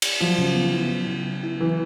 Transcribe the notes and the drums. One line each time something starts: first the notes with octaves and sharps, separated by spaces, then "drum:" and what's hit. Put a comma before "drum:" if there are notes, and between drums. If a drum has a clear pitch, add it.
drum: cymbal
F3 F#3
C#3
B3
E4
F#3
C#3
B3
E4
E3 F#3